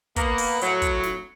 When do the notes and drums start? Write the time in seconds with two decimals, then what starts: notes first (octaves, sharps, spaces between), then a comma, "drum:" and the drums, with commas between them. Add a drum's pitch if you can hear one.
0.16 A#3 B3, drum: kick, hi-hat
0.38 drum: open hi-hat
0.61 A2 F#3, drum: hi-hat
0.82 drum: kick, hi-hat
1.04 drum: snare